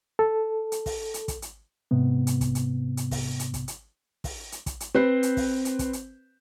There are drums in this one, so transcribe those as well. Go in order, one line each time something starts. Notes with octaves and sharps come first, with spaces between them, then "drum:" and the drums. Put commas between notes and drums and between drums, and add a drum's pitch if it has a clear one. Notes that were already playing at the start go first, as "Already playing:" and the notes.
A4
drum: hi-hat
drum: kick, open hi-hat
drum: hi-hat
drum: kick, hi-hat
drum: hi-hat
G#2 C3 B3
drum: hi-hat
drum: kick, hi-hat
drum: hi-hat
drum: hi-hat
drum: kick, open hi-hat
drum: hi-hat
drum: kick, hi-hat
drum: hi-hat
drum: kick, open hi-hat
drum: hi-hat
drum: kick, hi-hat
drum: hi-hat
C4 B4 C5
drum: hi-hat
drum: kick, open hi-hat
drum: hi-hat
drum: kick, hi-hat
drum: hi-hat